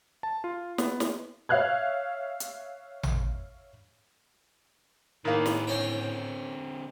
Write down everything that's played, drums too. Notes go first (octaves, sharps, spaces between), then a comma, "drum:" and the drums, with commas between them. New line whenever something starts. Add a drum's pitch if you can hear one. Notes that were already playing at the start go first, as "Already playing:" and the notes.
A5
F4
B3, drum: snare
drum: snare
C#5 E5 F5 F6 F#6 G#6
drum: hi-hat
drum: tom A1
A2 D#3 A#3 G#4 B4
drum: snare
D3 C4 C#4 G5